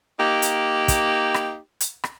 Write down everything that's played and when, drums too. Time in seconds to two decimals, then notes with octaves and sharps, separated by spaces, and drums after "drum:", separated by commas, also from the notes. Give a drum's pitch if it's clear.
0.19 A#3 D#4 G4
0.42 drum: hi-hat
0.88 drum: kick, hi-hat
1.34 drum: rim click
1.80 drum: hi-hat
2.04 drum: rim click